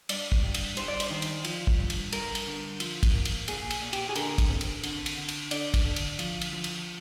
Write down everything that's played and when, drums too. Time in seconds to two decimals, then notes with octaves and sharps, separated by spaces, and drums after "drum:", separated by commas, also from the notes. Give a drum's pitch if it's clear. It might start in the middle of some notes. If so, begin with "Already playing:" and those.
0.09 G2 D5, drum: cymbal
0.32 drum: kick
0.43 G2
0.54 drum: cymbal
0.77 G2 C5, drum: cymbal
0.88 D5
1.00 C5, drum: cymbal
1.10 D#3
1.22 drum: cymbal
1.45 F3, drum: cymbal
1.67 drum: kick
1.79 G2
1.90 drum: cymbal
2.12 G2 A#4, drum: cymbal
2.35 drum: cymbal
2.47 D3
2.80 F3, drum: cymbal
3.03 drum: kick, cymbal
3.14 A#3
3.25 drum: cymbal
3.48 A#2 G#4, drum: cymbal
3.70 drum: cymbal
3.82 A#2
3.93 G4, drum: cymbal
4.09 G#4
4.15 D3 A#4, drum: cymbal
4.38 drum: kick, cymbal
4.50 C4
4.61 drum: cymbal
4.83 D3, drum: cymbal
5.06 drum: cymbal
5.17 D3
5.29 drum: cymbal
5.51 D3 D5, drum: cymbal
5.74 drum: kick, cymbal
5.85 D3
5.96 drum: cymbal
6.19 F3, drum: cymbal
6.41 drum: cymbal
6.53 F3
6.64 drum: cymbal